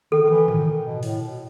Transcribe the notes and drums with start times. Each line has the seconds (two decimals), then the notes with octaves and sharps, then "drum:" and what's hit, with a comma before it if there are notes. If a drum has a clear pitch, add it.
0.12 D#3 A4
0.23 D#3
0.31 E3
0.48 D#3, drum: tom G#2
0.84 B2
1.03 A2, drum: open hi-hat
1.21 B2